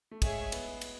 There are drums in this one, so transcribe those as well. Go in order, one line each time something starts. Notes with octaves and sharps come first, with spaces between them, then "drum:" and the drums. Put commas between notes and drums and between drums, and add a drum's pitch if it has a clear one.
A3
G#3 G#4 C#5 E5 G#5, drum: kick, cymbal
B3, drum: cymbal
drum: cymbal